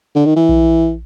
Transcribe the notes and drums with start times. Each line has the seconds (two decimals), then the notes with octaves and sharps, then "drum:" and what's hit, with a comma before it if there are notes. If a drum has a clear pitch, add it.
0.15 D3
0.25 D#3
0.36 E3
0.49 drum: kick A#1